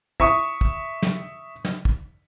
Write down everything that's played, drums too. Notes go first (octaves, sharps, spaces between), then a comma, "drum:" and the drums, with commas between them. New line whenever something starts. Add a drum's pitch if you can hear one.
E5 C#6 D#6, drum: kick
drum: kick
drum: snare
drum: snare
drum: kick